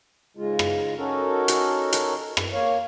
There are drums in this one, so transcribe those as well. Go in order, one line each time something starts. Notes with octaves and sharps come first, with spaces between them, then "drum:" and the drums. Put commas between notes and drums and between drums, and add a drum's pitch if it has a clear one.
G#2 C#3 G#3 F4
drum: rim click
C#4 D#4 F#4 A4 A#4
drum: hi-hat
drum: hi-hat
drum: rim click
A#3 C#5 F5